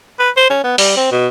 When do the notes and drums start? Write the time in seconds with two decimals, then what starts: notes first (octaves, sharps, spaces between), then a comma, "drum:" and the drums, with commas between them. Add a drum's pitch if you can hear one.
0.20 B4
0.37 C5
0.50 C#4
0.64 B3
0.78 G3, drum: open hi-hat
0.97 C4
1.11 B2